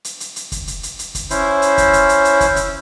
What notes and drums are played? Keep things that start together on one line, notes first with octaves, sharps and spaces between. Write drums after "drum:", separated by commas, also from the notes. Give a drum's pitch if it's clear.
drum: hi-hat
drum: hi-hat
drum: hi-hat
drum: kick, hi-hat
drum: hi-hat
drum: hi-hat
drum: hi-hat
drum: kick, hi-hat
C#4 E4 C5, drum: hi-hat
drum: hi-hat
drum: kick, hi-hat
drum: hi-hat
drum: hi-hat
drum: hi-hat
drum: kick, hi-hat
drum: hi-hat